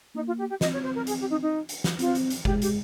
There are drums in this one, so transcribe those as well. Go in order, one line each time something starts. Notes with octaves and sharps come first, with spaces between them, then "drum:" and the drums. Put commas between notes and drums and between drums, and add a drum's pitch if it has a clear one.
A#3 D#4
F4
G4
G4
C4 D#5, drum: snare
C#5
C5
A#4
G#4, drum: hi-hat
G4
D#4
D#4
drum: hi-hat
drum: snare
C4 F4, drum: hi-hat
drum: hi-hat
drum: hi-hat
G#3 G4, drum: kick F#1
G4, drum: hi-hat